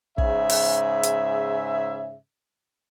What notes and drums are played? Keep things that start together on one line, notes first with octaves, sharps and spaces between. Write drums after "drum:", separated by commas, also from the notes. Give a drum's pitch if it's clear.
G#2 C#3 G#4 E5, drum: kick
drum: open hi-hat
drum: hi-hat